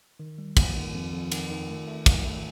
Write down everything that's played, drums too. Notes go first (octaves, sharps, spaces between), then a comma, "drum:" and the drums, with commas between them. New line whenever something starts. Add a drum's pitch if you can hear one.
D#3
G3
A#3, drum: kick, cymbal
D#3
F2
F2
D#3, drum: cymbal
D#3
A3
A3
A3, drum: kick, cymbal
A3